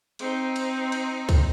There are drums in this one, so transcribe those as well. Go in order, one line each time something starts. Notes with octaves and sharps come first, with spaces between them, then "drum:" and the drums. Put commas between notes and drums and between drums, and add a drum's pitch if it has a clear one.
C4 D#4, drum: cymbal
drum: cymbal
drum: cymbal
drum: kick C#2, cymbal